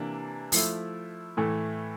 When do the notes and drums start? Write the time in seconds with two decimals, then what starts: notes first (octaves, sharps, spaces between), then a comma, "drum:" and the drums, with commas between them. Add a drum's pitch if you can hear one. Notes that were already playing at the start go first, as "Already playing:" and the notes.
Already playing: C3 E3 A#3 D4
0.52 F3 A3 E4, drum: open hi-hat
1.37 A2 E3 A3